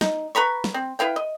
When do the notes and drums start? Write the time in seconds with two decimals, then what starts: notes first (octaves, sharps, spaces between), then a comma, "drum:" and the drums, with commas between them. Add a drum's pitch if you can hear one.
0.01 D#4, drum: snare
0.35 B4 A#5 B5 C#6
0.64 drum: snare
0.74 C4
0.99 E4 B4 F5 G5
1.16 D#5